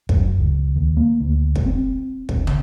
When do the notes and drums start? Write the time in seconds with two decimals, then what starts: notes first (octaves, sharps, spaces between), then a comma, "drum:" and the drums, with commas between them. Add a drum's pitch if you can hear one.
0.09 F#2, drum: kick
0.39 C#2
0.75 D#2
0.97 A#3
1.20 D2
1.56 drum: kick
1.66 C4
2.29 drum: kick
2.47 drum: tom